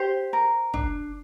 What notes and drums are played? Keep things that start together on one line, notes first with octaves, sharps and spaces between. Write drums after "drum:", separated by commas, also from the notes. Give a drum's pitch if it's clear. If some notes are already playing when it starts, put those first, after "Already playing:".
Already playing: G4 C5
A#4
D4, drum: kick